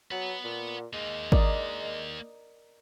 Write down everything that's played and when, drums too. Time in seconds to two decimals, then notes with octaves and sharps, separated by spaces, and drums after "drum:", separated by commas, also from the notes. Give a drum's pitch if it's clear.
0.11 F#3 B4 F#5
0.44 A#2
0.93 G#3 A#3 D#4
1.32 A#4 D5 D#5, drum: kick G#1